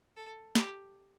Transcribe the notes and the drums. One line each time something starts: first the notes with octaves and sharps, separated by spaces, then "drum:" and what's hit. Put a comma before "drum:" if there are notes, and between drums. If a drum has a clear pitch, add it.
A4
G4, drum: snare